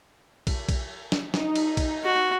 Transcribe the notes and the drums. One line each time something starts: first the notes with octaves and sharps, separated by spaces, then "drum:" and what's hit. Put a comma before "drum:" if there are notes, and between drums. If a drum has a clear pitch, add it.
drum: kick, cymbal
drum: kick, cymbal
drum: snare
D#4, drum: snare
drum: cymbal
drum: kick, cymbal
F#4